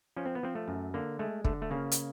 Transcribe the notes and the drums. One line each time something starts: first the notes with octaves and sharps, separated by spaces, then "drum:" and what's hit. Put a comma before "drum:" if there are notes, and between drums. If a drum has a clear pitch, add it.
F3 C#4
C4
B3
F3 C4
A3
F#2
D3 A#3
G#3 A3
D3 A3, drum: kick
A3
C#3 A#3
drum: hi-hat